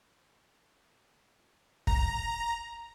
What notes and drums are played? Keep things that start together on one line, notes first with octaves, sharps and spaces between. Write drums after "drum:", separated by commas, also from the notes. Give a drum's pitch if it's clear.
A#5, drum: kick